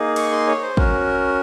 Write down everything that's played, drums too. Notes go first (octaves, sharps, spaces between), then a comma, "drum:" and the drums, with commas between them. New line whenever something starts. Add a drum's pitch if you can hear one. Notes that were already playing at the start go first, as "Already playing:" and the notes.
Already playing: A#3 D#4 G#4
C#6, drum: cymbal
C6
C#5
C5
C#4 F#4 A#4, drum: kick